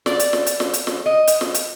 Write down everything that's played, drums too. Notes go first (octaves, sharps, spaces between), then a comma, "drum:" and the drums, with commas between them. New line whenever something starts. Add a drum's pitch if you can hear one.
D5, drum: snare
drum: hi-hat
drum: snare
drum: hi-hat
drum: snare
drum: hi-hat
drum: snare
D#5
drum: hi-hat
drum: snare
drum: hi-hat